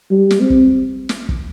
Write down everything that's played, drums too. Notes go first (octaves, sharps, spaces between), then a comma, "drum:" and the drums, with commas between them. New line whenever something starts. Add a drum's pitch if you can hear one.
G3
drum: snare
C4
drum: kick
drum: snare
drum: kick